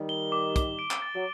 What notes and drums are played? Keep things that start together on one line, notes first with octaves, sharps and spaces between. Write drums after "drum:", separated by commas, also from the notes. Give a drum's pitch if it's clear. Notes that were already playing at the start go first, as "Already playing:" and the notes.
Already playing: D#3 G3
G7
D6
D6, drum: kick, hi-hat
D7
drum: clap
A6
F#3